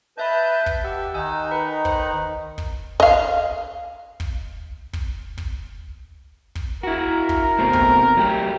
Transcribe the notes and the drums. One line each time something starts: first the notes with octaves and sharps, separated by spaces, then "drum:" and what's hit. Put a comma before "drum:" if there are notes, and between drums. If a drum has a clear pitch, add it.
B4 D#5 E5 A5 B5 G6
drum: kick
G4 F#5 E6
D#3 D#4 G#5 E6 F#6
B4 B5 B6
C5 F#6, drum: kick
drum: kick
D#5 F5, drum: kick
drum: kick
drum: kick
drum: kick
drum: kick
E4 F#4 A#4
drum: kick
B2 A3 C4
drum: kick
F#3 A3 G4